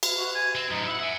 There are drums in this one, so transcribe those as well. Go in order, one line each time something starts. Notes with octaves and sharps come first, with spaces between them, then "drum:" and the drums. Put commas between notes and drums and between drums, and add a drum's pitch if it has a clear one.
drum: cymbal
F#4
G#5
C4
F#2 A2 D#4
E4 E5 F#5
E5 F#5 G#5